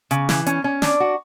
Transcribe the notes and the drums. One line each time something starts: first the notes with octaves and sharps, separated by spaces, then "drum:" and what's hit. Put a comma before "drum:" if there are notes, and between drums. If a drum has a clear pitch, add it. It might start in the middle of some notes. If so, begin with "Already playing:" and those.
C#3, drum: hi-hat
E3, drum: snare
C#4, drum: hi-hat
C#4
D4, drum: snare
F#4